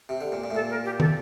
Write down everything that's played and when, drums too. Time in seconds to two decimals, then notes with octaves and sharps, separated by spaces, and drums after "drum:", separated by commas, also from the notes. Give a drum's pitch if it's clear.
0.09 C3
0.21 D3
0.32 A#2
0.44 A#2
0.51 A2
0.55 A#2 A4
0.70 A#4
0.85 G4
1.00 A4, drum: tom